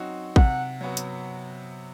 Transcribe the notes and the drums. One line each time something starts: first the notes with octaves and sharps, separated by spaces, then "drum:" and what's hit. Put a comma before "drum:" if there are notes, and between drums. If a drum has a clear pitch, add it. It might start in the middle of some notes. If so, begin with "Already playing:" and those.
Already playing: F#3 C4 D#4 F#4
C3 F#5, drum: kick
F#3 B3 F#4
drum: hi-hat